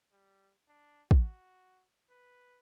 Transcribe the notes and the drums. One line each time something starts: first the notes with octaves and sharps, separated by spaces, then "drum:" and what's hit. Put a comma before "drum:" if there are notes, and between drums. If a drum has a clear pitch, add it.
G3
D4
F#4, drum: kick
B4